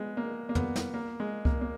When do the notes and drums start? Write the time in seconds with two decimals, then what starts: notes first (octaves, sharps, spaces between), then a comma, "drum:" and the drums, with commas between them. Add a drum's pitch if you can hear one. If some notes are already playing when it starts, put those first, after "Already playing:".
Already playing: G#3 B3
0.17 A#3
0.49 A#3
0.55 B3, drum: tom
0.76 drum: snare
0.94 A#3
1.20 G#3
1.45 A#3, drum: kick C#2
1.61 A#3